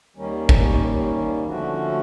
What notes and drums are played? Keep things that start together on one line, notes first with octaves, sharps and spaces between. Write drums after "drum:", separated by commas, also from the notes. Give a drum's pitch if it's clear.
D#2 D#3 G3 A#3 C#4
drum: kick
D3 F3 A3 C#4 F#4